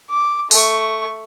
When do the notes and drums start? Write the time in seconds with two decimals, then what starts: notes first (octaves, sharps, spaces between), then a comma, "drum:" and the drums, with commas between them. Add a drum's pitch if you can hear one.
0.10 D6
0.51 A3 C#6, drum: open hi-hat